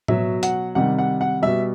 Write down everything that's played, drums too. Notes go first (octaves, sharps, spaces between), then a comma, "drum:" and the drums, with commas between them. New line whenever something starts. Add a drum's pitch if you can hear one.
B2 F#3 E5, drum: tom A2
F#5, drum: hi-hat
C3 D#3 G3 F#5
F#5
F#5
B2 G3 E5